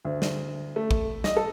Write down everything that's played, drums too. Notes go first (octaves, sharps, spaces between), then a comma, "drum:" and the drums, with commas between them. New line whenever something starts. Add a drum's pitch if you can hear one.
D2
drum: snare
A3
drum: kick
D#5, drum: snare
A4